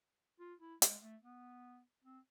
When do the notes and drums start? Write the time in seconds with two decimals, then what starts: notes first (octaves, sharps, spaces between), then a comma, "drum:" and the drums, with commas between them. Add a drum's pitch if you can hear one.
0.40 F4
0.60 E4
0.82 G#3, drum: hi-hat
1.02 A3
1.23 B3
2.04 C4